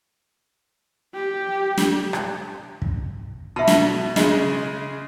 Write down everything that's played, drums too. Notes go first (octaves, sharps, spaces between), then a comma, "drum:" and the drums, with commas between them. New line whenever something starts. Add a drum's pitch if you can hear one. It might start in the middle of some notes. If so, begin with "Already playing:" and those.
G4
drum: snare
drum: rim click
drum: kick
B2 E5 A5
drum: snare
C#3 G#3 G#4 D#5, drum: snare